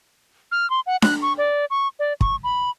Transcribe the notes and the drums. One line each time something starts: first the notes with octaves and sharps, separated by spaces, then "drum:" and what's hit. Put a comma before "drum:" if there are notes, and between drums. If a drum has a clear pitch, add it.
F6
C6
F#5
F#6, drum: snare D4
C#6
D5
C#6
D5
C#6, drum: kick
B5